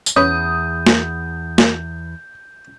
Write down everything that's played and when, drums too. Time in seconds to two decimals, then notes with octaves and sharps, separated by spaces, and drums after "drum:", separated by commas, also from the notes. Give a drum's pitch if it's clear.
0.06 drum: tambourine
0.16 E2 C#4 B4 D#6 G6
0.86 drum: snare
1.58 drum: snare